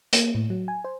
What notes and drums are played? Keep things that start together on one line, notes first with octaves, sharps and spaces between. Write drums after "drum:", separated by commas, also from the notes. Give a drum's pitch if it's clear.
A#3, drum: hi-hat
A2
F#3
G#5
C5